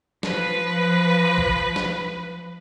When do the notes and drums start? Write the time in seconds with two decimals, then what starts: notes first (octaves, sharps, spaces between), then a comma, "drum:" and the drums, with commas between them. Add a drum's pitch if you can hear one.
0.23 F3 B4, drum: snare
1.38 drum: kick A#1
1.76 drum: snare